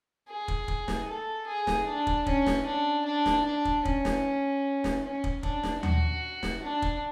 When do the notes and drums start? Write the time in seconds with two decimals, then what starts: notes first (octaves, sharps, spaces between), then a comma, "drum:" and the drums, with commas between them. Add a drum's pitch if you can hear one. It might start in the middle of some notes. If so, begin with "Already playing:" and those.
0.29 G#4
0.48 drum: kick
0.68 drum: kick
0.88 drum: snare
1.07 A4
1.47 G#4
1.67 drum: snare
1.87 D4
2.07 drum: kick
2.26 C#4, drum: kick
2.46 drum: snare
2.66 D4
3.05 D4
3.26 drum: snare
3.45 D4
3.65 drum: kick
3.85 C#4, drum: kick
4.05 drum: snare
4.84 drum: snare
5.04 C#4
5.24 drum: kick
5.43 D4, drum: kick
5.63 drum: snare
5.83 F#4, drum: tom D#2
6.43 drum: snare
6.63 D4
6.82 drum: kick